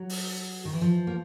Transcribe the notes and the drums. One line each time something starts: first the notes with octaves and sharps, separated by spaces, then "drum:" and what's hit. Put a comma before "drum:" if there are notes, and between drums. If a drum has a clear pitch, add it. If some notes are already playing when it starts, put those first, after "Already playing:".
Already playing: F#3
drum: open hi-hat
D#3
E3
F3
A#3